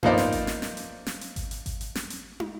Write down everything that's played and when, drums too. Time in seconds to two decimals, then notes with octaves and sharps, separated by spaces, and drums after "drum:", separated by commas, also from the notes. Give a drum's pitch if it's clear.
0.03 F3 A#3 B3 D#4 C5 D5, drum: tom G2
0.18 drum: snare
0.32 drum: kick G#1, hi-hat
0.47 drum: snare
0.62 drum: snare
0.77 drum: hi-hat
1.06 drum: snare
1.21 drum: hi-hat
1.36 drum: kick G#1, hi-hat
1.51 drum: hi-hat
1.66 drum: kick G#1, hi-hat
1.81 drum: hi-hat
1.95 drum: snare
2.10 drum: hi-hat
2.40 drum: tom